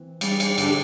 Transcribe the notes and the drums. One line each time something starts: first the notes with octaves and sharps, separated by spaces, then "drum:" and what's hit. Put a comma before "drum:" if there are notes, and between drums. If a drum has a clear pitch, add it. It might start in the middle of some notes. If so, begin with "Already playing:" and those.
Already playing: E3 C4
G3, drum: cymbal
drum: cymbal
D3 G3 D4, drum: cymbal